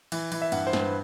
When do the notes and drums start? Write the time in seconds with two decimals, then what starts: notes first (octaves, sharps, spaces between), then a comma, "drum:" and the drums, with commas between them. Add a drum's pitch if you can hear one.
0.12 E3, drum: cymbal
0.32 E3, drum: cymbal
0.42 E5
0.52 G2 F#5, drum: cymbal
0.67 C5
0.73 G2, drum: snare
0.80 B4